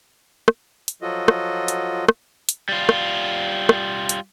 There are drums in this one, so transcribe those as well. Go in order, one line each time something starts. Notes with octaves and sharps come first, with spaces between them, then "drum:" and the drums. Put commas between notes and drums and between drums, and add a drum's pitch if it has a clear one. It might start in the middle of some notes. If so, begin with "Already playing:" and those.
drum: rim click
drum: hi-hat
F3 F#3 F4 F#4 A4 D#5
drum: rim click
drum: hi-hat
drum: rim click
drum: hi-hat
G3 F4
drum: rim click
drum: rim click
drum: hi-hat